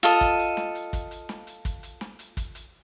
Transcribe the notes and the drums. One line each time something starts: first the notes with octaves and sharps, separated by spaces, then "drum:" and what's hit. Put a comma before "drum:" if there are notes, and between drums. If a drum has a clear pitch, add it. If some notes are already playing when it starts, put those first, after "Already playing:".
F4 A4 D#5, drum: hi-hat
drum: kick, hi-hat
drum: hi-hat
drum: snare
drum: hi-hat
drum: kick, hi-hat
drum: hi-hat
drum: snare
drum: hi-hat
drum: kick, hi-hat
drum: hi-hat
drum: snare
drum: hi-hat
drum: kick, hi-hat
drum: hi-hat